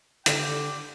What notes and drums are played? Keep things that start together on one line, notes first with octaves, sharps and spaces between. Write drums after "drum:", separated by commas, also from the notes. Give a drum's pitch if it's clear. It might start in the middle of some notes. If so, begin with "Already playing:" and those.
D3 G5, drum: hi-hat
G4